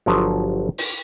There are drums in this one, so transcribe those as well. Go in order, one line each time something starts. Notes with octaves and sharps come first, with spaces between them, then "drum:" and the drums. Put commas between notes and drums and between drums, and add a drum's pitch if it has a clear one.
G1 F3 F#3
drum: open hi-hat